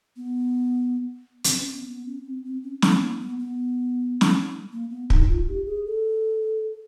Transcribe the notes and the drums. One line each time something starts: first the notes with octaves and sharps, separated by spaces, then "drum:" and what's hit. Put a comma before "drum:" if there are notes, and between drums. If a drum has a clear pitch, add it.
B3
C4, drum: hi-hat
C#4
B3
B3
C#4
C4
C4
C#4
B3, drum: snare
A#3
B3
B3
drum: snare
A#3
B3
D#4, drum: kick
F4
G4
G#4
A4